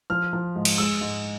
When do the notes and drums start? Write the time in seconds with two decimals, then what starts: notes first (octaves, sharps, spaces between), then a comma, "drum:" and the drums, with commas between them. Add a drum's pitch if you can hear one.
0.10 F3 F6
0.33 F3
0.56 G#2
0.65 drum: cymbal
0.78 G#3 E6
1.01 G#2